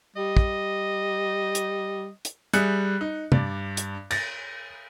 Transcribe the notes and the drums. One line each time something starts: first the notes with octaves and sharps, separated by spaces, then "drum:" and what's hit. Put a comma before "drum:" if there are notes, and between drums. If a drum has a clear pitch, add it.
G3 D#5
drum: kick
drum: hi-hat
drum: hi-hat
G3 G#4 E5 F#6 C#7, drum: hi-hat
D#4
G2 D5, drum: tom
drum: hi-hat
A6 A#6, drum: cymbal